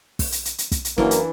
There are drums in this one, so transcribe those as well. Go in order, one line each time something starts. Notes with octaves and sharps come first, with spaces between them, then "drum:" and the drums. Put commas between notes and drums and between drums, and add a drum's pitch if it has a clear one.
drum: kick, open hi-hat
drum: hi-hat
drum: hi-hat
drum: hi-hat
drum: kick, hi-hat
drum: hi-hat
F#2 E3 A#3 D4, drum: snare
drum: hi-hat